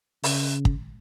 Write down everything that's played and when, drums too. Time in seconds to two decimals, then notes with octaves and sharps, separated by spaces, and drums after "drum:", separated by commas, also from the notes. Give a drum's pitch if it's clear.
0.24 C#3, drum: open hi-hat
0.65 drum: kick